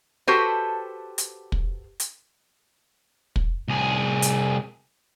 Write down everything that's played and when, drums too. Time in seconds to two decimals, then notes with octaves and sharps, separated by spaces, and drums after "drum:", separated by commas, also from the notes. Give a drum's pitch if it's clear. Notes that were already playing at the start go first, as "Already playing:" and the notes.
0.27 F#4 G4 A4 B4 C5
1.18 drum: hi-hat
1.52 drum: kick
2.00 drum: hi-hat
3.36 drum: kick
3.68 C2 G#4
4.22 drum: hi-hat